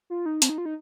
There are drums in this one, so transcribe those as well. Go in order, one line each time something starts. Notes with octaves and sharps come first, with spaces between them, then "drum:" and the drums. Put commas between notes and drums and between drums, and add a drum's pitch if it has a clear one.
F4
D#4
C4, drum: hi-hat
D#4
F4
D#4